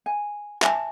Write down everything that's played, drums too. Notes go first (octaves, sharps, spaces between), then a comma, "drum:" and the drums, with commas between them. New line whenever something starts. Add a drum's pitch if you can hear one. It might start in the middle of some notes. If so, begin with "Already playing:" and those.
G#5
E5 G#5 A5, drum: clap